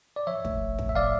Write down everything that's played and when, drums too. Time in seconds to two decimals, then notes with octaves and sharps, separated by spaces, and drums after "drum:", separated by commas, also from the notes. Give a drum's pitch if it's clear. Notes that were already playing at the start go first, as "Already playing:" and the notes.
0.16 D5
0.27 F3 C#5 E5
0.45 A3, drum: kick
0.61 A#1
0.79 A2, drum: kick
0.89 E5
0.95 F3 D5 F5